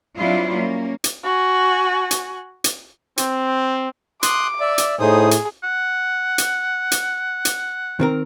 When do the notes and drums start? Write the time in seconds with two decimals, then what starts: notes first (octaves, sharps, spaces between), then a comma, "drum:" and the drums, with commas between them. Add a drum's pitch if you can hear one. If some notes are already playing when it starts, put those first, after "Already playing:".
0.16 F#3 G3 C4 D4 E4 F4
0.55 A#3 C#4
1.04 drum: hi-hat
1.24 F#4 G#5
2.11 drum: hi-hat
2.64 drum: hi-hat
3.18 C4, drum: hi-hat
4.23 C6 D6 D#6 F#6, drum: hi-hat
4.60 D5 E5
4.78 drum: hi-hat
5.00 A2 D#4 G#4 C5 D#6
5.31 drum: hi-hat
5.64 F#5
6.38 drum: hi-hat
6.91 drum: hi-hat
7.45 drum: hi-hat
8.00 D#3 C4 A#4